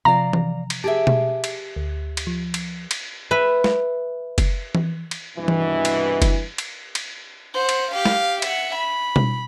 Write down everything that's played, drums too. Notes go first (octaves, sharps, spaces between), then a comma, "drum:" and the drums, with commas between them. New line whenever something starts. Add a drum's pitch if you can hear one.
C3 F3 D5 F5 A#5
drum: tom E3
drum: cymbal
G4 G#4 E5 A5 D7
drum: tom B2
drum: cymbal
D2
drum: cymbal
F3
drum: cymbal
drum: cymbal
B4 E5
drum: snare
drum: kick F#1, cymbal
drum: tom E3
drum: cymbal
C2 G2 B2 E3
drum: tom E3
drum: cymbal
drum: kick F#1, cymbal
drum: cymbal
drum: cymbal
C5 F#5
drum: cymbal
G4 F5
drum: snare
E5 F#5, drum: cymbal
B5
drum: tom B2